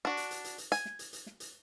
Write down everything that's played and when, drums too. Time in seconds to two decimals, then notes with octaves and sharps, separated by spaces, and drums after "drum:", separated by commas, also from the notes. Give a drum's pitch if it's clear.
0.05 D4 F#4
0.17 drum: hi-hat
0.31 drum: hi-hat
0.44 drum: hi-hat
0.58 drum: hi-hat
0.72 G#5, drum: hi-hat
0.85 drum: snare
0.99 drum: hi-hat
1.13 drum: hi-hat
1.26 drum: snare
1.40 drum: hi-hat